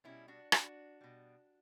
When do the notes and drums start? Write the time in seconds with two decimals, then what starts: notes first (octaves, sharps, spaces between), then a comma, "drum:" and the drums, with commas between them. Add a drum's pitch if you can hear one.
0.04 B2 G3 C#4 E4
0.28 D4 F#4
0.52 D4 F#4, drum: rim click
1.01 B2 G3